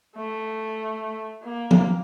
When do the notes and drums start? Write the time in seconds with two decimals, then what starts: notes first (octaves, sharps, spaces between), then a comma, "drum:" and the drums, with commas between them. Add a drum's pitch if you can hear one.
0.16 A3
1.43 A#3
1.71 drum: tom